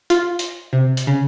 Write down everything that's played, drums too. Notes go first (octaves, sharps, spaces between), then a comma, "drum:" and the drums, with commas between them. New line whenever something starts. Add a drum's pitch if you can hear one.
F4, drum: hi-hat
drum: hi-hat
C3
drum: hi-hat
C#3